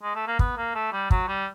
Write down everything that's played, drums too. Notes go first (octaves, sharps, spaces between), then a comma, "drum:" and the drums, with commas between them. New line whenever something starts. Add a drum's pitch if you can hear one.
G#3
A3
A#3
B3, drum: kick
A#3
A3
G3
F#3, drum: kick
G3